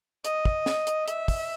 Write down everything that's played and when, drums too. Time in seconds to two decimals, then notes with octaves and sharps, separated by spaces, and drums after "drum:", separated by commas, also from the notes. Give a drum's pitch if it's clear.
0.25 D#5, drum: hi-hat
0.45 drum: kick
0.66 drum: snare
0.87 drum: hi-hat
1.08 E5, drum: hi-hat
1.28 drum: kick, open hi-hat